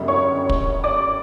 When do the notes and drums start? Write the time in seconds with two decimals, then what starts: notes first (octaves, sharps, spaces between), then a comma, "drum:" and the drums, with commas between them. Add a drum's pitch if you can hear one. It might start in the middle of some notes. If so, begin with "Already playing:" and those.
Already playing: G1 F#2 C#3 G3
0.08 C#5 C#6
0.49 drum: kick
0.84 D5 D6